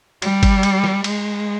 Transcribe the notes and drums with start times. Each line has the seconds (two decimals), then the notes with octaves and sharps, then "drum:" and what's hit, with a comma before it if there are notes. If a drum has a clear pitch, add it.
0.22 G3, drum: cymbal
0.43 drum: kick, cymbal
0.63 drum: cymbal
0.84 drum: snare
1.04 G#3, drum: cymbal